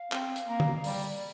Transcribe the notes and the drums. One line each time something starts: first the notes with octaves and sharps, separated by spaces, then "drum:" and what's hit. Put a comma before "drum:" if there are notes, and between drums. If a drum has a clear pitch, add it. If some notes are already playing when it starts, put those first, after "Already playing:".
Already playing: F5
C4, drum: clap
drum: hi-hat
A#3
drum: tom D3
G3 D5, drum: open hi-hat
D5